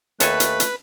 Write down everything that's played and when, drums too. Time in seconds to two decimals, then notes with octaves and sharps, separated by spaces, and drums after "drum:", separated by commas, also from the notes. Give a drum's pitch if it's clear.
0.20 D#2 A3 A4 B4 G#5 F#6, drum: hi-hat
0.40 drum: hi-hat
0.60 drum: hi-hat